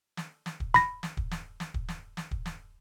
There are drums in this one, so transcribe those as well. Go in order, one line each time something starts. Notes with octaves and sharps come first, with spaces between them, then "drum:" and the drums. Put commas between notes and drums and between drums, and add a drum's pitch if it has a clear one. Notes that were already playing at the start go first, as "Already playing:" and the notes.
drum: snare
drum: snare
drum: kick
B5 A#6, drum: snare
drum: snare
drum: kick
drum: snare
drum: snare
drum: kick
drum: snare
drum: snare
drum: kick
drum: snare